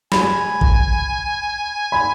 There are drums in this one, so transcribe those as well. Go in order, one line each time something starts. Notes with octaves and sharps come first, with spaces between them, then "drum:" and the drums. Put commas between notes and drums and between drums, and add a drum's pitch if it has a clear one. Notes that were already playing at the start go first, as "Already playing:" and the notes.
G#5 B5, drum: snare
drum: kick A1
B5